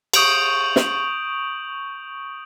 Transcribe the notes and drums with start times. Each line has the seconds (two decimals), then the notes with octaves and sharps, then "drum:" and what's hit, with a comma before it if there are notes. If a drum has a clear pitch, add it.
0.14 C#6 D#6 G6 D7 F7 F#7, drum: cymbal
0.76 drum: snare